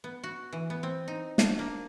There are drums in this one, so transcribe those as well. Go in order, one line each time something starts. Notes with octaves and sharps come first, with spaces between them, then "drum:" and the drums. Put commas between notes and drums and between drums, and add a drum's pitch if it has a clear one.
B3
F#4
E3
B3
C4
D#4
D4, drum: snare
A#3